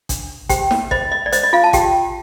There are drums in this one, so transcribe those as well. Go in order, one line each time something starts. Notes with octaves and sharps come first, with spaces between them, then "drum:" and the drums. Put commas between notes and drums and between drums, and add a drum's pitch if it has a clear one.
D4, drum: kick, hi-hat
G4 C5 G5, drum: kick, hi-hat
drum: snare
C5 D#5, drum: kick
D#5
D5
C5 D#5, drum: hi-hat
D#5
F4 F5
A5
F4 G4 G5, drum: kick, hi-hat